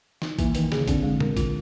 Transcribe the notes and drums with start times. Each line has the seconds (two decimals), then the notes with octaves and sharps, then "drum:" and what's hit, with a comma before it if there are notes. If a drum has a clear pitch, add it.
0.22 D#4, drum: snare
0.39 E3 A#3, drum: kick A1, hi-hat
0.55 D#3 B4, drum: hi-hat
0.72 G#4, drum: snare
0.77 C#3
0.88 D3 C4, drum: kick A1, hi-hat
1.03 G#3
1.20 A#4, drum: tom
1.37 F4, drum: kick A1, hi-hat